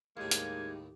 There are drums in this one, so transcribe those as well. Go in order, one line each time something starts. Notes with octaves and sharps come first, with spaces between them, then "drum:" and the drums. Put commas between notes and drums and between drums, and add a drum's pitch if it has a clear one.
D#2 A2 G#3 A#3 D#4 G4 G#6
drum: hi-hat